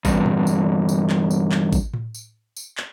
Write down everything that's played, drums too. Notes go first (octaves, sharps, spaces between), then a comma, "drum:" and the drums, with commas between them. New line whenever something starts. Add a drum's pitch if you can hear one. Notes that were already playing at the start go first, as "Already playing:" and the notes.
E2 G2, drum: kick G#1, tambourine
drum: tom A2
drum: tambourine
drum: tambourine
drum: clap
drum: tambourine
drum: clap
drum: kick G#1, tambourine
drum: tom A2
drum: tambourine
drum: tambourine
drum: clap